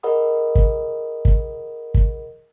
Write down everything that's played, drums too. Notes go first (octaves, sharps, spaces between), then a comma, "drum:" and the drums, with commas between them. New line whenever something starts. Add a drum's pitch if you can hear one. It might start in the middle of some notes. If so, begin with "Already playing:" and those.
G#4 A#4 D#5 F#5 B5 D#6
drum: kick
drum: kick
drum: kick